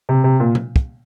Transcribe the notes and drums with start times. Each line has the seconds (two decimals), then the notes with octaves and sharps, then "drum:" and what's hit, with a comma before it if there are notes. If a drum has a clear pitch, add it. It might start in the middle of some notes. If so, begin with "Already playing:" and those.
0.09 C3
0.24 C3
0.40 A#2
0.55 drum: tom A#2
0.76 drum: kick